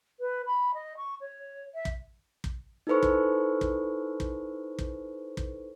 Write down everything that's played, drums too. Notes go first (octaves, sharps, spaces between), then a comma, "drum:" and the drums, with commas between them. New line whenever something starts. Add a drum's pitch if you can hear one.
B4
B5
D#5
C#6
C#5
E5
drum: kick
drum: kick
D#4 E4 A4 B4 C5 C#6
drum: kick
drum: kick
drum: kick
drum: kick
drum: kick